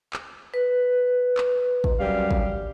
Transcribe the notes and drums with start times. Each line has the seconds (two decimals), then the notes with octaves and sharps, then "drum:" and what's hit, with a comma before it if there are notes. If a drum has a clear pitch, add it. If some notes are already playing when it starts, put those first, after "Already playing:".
0.13 drum: clap
0.54 B4
1.37 drum: clap
1.84 drum: kick
2.00 F#2 G3 F5
2.31 drum: kick